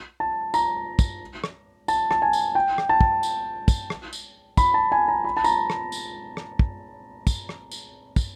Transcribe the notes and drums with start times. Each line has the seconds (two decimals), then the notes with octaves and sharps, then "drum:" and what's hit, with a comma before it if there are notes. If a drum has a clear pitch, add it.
0.20 A5
0.54 A#5, drum: tambourine
0.99 drum: kick, tambourine
1.44 drum: rim click
1.88 A5, drum: tambourine
2.11 A5, drum: rim click
2.22 G#5
2.33 drum: tambourine
2.55 G5
2.78 drum: rim click
2.89 A5
3.01 drum: kick
3.23 drum: tambourine
3.68 drum: kick, tambourine
3.90 drum: rim click
4.13 drum: tambourine
4.57 B5, drum: kick, tambourine
4.74 A5
4.92 G#5
5.08 A#5
5.25 B5
5.37 A5
5.44 A#5, drum: tambourine
5.70 drum: rim click
5.92 drum: tambourine
6.37 drum: rim click
6.59 drum: kick
7.27 drum: kick, tambourine
7.49 drum: rim click
7.72 drum: tambourine
8.16 drum: kick, tambourine